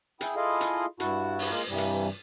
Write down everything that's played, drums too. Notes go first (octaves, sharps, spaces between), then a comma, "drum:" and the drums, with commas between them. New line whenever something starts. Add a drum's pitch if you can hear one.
E4 G#4 G5, drum: hi-hat
E4 F4 G#4 A4 D#5 F5
drum: hi-hat
G2 E4 F#4 F#5 A5, drum: hi-hat
drum: open hi-hat
G#3 A#3 F4 A#4 F5
G2 C3 E3 G3
drum: hi-hat